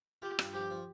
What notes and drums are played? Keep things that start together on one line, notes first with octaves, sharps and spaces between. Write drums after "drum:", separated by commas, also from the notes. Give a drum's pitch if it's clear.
F4 G4
G2, drum: rim click
F3 G4
F3